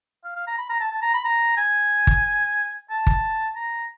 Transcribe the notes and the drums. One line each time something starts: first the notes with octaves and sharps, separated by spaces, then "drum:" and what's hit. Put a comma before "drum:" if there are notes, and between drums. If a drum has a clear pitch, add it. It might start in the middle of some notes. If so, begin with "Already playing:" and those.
F5
F5
A#5
B5
A#5
A5
A5
A#5
B5
A#5
G#5
drum: kick G1
A5
drum: kick G1
A#5